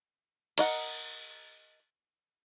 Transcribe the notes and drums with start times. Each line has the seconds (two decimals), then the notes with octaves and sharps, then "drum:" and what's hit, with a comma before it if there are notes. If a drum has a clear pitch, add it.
0.58 A#4 D#5 F#5, drum: cymbal